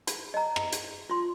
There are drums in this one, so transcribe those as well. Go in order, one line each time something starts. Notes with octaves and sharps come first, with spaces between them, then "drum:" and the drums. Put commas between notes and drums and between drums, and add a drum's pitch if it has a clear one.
B5, drum: hi-hat
D#5 A#5
drum: rim click
drum: hi-hat
F4 C6